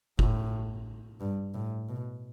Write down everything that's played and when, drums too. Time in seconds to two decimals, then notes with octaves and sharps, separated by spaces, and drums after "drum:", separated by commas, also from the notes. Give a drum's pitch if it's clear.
0.19 A2, drum: kick F#1
1.21 G2
1.54 A2
1.89 B2